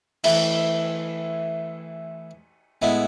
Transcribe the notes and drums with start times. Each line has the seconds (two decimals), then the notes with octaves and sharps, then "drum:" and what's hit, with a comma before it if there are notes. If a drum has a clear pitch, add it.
0.24 E3 A3 E4, drum: cymbal
2.82 A2 G#3 B3 E4